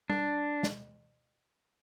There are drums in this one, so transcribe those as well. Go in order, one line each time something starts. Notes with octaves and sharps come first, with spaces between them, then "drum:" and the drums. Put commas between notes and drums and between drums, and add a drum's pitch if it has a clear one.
D4, drum: tom G3
drum: snare